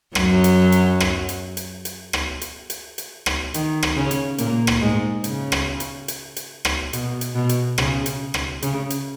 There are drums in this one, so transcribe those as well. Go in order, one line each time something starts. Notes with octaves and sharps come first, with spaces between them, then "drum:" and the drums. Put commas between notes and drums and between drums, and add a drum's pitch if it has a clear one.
F#2 F#3, drum: rim click
drum: hi-hat
drum: hi-hat
drum: rim click
drum: hi-hat
drum: hi-hat
drum: hi-hat
drum: rim click
drum: hi-hat
drum: hi-hat
drum: hi-hat
drum: rim click
D#3, drum: hi-hat
drum: rim click
C#3 C#4
drum: hi-hat
A#2 A#3, drum: hi-hat
drum: rim click
G#2 G#3
C#3, drum: hi-hat
drum: rim click
drum: hi-hat
drum: hi-hat
drum: hi-hat
drum: rim click
B2, drum: hi-hat
drum: hi-hat
B2
drum: hi-hat
C#3, drum: rim click
drum: hi-hat
drum: rim click
C#3, drum: hi-hat
drum: hi-hat